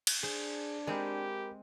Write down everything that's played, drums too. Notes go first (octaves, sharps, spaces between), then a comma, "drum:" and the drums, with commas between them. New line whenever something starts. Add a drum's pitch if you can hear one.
drum: cymbal
D4 G#4 C5
G#3 C4 G4 A#4 B5